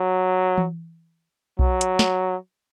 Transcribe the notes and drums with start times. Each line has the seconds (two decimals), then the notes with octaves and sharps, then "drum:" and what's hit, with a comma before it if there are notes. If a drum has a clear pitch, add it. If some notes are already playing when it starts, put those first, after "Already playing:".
Already playing: F#3
0.58 drum: tom E3
1.59 F#3, drum: kick B1
1.81 drum: hi-hat
1.99 drum: snare